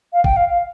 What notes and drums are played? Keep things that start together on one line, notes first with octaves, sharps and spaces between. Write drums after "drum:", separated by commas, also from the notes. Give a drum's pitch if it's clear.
F5
G5, drum: kick
F5
F5